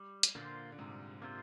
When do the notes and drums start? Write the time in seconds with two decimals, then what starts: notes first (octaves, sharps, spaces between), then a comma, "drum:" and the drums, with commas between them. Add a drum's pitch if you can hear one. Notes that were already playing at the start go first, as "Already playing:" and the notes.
Already playing: G3
0.23 drum: hi-hat
0.35 A#2 D3 A#3 F4 C5
0.72 D3
0.78 G#2 C3 G3
1.22 C3 A#3 F4 C5